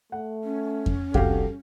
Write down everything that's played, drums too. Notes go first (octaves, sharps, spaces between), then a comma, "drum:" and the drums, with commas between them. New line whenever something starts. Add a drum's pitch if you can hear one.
A3 F#5
C#4
drum: kick F2
F1 C2 F#4 G4 A4 F5, drum: kick F2